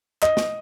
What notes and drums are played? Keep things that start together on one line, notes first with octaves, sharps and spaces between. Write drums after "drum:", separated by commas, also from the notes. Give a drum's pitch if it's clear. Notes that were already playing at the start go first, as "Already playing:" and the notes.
D#5, drum: clap
drum: snare